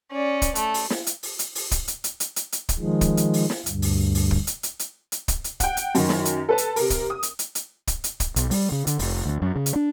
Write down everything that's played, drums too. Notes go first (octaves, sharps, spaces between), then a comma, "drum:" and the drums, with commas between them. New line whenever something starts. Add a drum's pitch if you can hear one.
C#4 D5
drum: kick, hi-hat
A3, drum: hi-hat
drum: open hi-hat
drum: snare
drum: hi-hat
drum: open hi-hat
drum: hi-hat
drum: open hi-hat
drum: kick, hi-hat
drum: hi-hat
drum: hi-hat
drum: hi-hat
drum: hi-hat
drum: hi-hat
drum: kick, hi-hat
D#3 F3 G#3
drum: kick, hi-hat
drum: hi-hat
drum: open hi-hat
drum: snare
D2 G2, drum: hi-hat
drum: open hi-hat
drum: open hi-hat
drum: kick
drum: hi-hat
drum: hi-hat
drum: hi-hat
drum: hi-hat
drum: kick, hi-hat
drum: hi-hat
F#5 G5, drum: kick, hi-hat
drum: hi-hat
F#2 D#3, drum: open hi-hat
drum: snare
drum: hi-hat
A4 B4 A5
drum: hi-hat
C3 A#4, drum: open hi-hat
drum: kick, hi-hat
D#6
drum: hi-hat
drum: hi-hat
drum: hi-hat
drum: kick, hi-hat
drum: hi-hat
drum: kick, hi-hat
B1, drum: hi-hat
G3, drum: open hi-hat
C#3
D3, drum: hi-hat
F1, drum: open hi-hat
D2
F#2
C#3
drum: hi-hat
D4